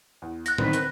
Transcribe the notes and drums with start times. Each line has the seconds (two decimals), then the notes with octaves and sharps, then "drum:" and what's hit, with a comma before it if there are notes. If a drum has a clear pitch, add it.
0.22 E2
0.46 F#6 A#6, drum: hi-hat
0.58 D3 D#3 C4 B4, drum: tom A2
0.73 drum: hi-hat